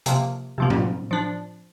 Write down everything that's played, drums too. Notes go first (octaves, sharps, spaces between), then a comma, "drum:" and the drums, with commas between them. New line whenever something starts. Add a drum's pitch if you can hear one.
C3 F3 A#3, drum: hi-hat
C3 F3 A#3
drum: tom A2
F3 D4